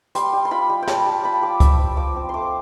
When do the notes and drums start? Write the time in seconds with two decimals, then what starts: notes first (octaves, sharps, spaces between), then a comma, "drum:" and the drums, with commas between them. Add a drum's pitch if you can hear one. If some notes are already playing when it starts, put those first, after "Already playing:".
0.15 G3 C6, drum: hi-hat
0.33 G3
0.45 C6
0.51 F4 B5
0.69 G3
0.82 G5
0.88 G3 A5, drum: snare
1.06 G3 A5
1.24 F4 B5
1.42 G3 D6
1.60 F3 E6, drum: kick C#2, hi-hat
1.79 F3
1.97 F3 D6
2.16 C4
2.29 A3 C6 D6